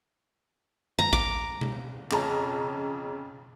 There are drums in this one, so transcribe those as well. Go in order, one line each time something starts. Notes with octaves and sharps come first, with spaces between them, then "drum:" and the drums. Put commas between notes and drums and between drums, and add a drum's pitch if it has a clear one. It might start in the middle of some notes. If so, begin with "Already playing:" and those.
A#5, drum: tom F2
D6, drum: kick
drum: tom B2
F2 C#3 C#4 A5 A#5, drum: clap